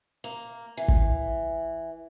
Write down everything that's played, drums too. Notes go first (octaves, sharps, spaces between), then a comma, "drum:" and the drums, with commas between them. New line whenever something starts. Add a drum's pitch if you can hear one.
A#3
E3
drum: kick